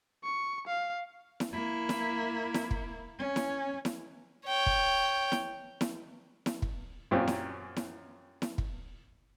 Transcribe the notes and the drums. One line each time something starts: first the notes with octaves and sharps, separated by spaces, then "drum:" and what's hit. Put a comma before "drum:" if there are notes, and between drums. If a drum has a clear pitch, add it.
C#6
F5
drum: snare E4
A#3 E4
drum: snare E4
drum: snare E4
drum: kick
C#4
drum: snare E4
drum: snare E4
C#5 G5
drum: kick
drum: snare E4
drum: snare E4
drum: snare E4
drum: kick
F#2 A#2 C4 C#4 G4
drum: snare E4
drum: snare E4
drum: snare E4
drum: kick